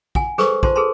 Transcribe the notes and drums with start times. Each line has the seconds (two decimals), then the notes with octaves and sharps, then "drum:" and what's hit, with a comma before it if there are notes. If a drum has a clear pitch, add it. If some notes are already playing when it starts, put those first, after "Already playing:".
0.15 F#5 G#5, drum: kick
0.38 G#4 A4 B4 C5 C#6 D#6, drum: snare
0.63 F4 C5 A5 C6, drum: kick
0.76 G#4 A4 B4 A5 C6